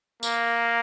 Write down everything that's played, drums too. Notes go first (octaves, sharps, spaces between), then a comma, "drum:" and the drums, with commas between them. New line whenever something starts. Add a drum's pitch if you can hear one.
A#3, drum: tambourine